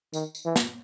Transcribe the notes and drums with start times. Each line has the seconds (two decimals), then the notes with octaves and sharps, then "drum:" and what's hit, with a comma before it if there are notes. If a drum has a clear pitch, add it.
0.14 D#3, drum: tambourine
0.35 drum: tambourine
0.45 E3
0.56 drum: snare